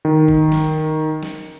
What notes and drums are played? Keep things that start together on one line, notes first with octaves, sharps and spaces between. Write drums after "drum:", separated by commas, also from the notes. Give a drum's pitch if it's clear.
D#3
drum: kick G1
drum: snare
drum: snare